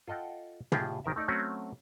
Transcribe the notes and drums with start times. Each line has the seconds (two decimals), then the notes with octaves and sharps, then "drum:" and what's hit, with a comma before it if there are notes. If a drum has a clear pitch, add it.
0.08 F4 A4 D#5 F#5 G5
0.72 A2 F4 G4 G#4 D#5 G5, drum: tom
1.04 G#1 D#3 A#4 E5
1.16 A3 D#4 A4 D5
1.28 F#3 A3 C4 C#4 F#4